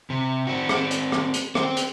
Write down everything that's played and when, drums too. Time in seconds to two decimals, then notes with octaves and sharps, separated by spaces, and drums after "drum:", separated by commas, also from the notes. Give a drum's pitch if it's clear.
0.10 C3
0.47 C4 F#4
0.69 drum: rim click
0.91 drum: hi-hat
1.12 drum: rim click
1.34 drum: hi-hat
1.55 C4 C5, drum: rim click
1.77 drum: hi-hat